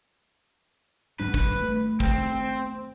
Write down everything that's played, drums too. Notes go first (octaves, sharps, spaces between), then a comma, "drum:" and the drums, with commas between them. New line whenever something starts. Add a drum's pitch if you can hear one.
G#2 G3 D4 B4
drum: kick
A3
C4, drum: kick